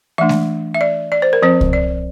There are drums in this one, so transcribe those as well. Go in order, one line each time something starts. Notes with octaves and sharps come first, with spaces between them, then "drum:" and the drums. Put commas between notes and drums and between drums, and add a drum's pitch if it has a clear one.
E3 A3 D4 E5
drum: snare G#3
E5
D5
D5
C5
A#4
F3 C4 C5
drum: kick C2
D5